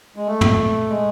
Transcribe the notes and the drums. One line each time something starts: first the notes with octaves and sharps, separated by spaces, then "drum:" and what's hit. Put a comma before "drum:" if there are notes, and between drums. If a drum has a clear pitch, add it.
G#3
A3
drum: tom
G#3